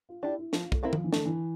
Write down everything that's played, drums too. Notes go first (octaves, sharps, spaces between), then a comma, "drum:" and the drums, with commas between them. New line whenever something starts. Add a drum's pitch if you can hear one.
F4
D4 E4 G4
E4
F3 F4, drum: snare
A3, drum: kick
C4 E4 A#4 F5
F3, drum: tom D#3
E3
D3 A3, drum: snare
E3